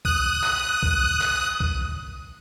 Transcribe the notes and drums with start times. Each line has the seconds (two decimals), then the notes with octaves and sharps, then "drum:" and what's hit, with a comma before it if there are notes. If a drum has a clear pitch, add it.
0.05 D#6 F#6, drum: kick B1
0.44 drum: clap
0.83 drum: kick B1
1.21 drum: clap
1.60 drum: kick B1